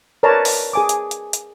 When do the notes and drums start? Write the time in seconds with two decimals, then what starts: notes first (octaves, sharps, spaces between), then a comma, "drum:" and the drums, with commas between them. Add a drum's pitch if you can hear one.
0.23 A#4 B4 C#5 D5 A5 A#5
0.45 drum: open hi-hat
0.73 G#4 G#5 D6
0.89 drum: hi-hat
1.11 drum: hi-hat
1.33 drum: hi-hat